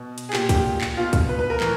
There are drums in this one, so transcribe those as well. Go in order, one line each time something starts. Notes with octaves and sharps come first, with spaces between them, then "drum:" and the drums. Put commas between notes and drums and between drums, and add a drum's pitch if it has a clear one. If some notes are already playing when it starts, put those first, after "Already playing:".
Already playing: B2
drum: hi-hat
G#4
A#2 G4, drum: clap
G4, drum: kick, hi-hat
drum: clap
B2 F4
drum: kick, hi-hat
B4
B4
A#4
A2 E3, drum: clap